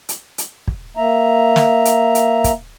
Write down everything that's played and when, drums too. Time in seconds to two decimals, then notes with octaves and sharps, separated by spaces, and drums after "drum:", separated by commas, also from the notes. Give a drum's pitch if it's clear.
0.09 drum: hi-hat
0.38 drum: hi-hat
0.68 drum: kick
0.97 A#3 E5 A#5
1.56 drum: snare
1.85 drum: hi-hat
2.15 drum: hi-hat
2.44 drum: kick, hi-hat